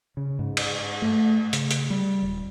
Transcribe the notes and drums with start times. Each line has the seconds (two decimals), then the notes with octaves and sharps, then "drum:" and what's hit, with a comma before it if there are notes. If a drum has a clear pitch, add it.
0.17 C#3
0.39 G#2
0.57 drum: cymbal
1.02 A3
1.53 C#3, drum: hi-hat
1.71 drum: hi-hat
1.90 G3
2.23 D#1